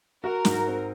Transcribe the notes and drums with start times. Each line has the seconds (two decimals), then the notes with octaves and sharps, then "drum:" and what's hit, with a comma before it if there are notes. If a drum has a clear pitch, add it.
0.24 F#4 A#4
0.45 G#2, drum: snare
0.67 C4